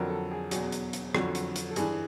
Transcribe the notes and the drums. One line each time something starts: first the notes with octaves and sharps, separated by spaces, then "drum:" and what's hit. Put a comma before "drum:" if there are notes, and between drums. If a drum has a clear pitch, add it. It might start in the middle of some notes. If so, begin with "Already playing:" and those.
Already playing: F2 D3 F#3 A#4
A4
G#4
E2 B2 F#3 G#4, drum: hi-hat
drum: hi-hat
drum: hi-hat
F2 D3 F#3, drum: rim click
drum: hi-hat
drum: hi-hat
A4
G2 E3 G#4, drum: hi-hat